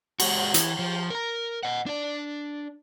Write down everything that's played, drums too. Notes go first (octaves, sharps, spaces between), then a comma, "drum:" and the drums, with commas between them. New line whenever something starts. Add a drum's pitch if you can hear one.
G#3 F#4, drum: cymbal
E3, drum: hi-hat
F3
A#4 A#5
D#5 F#5
D4 D5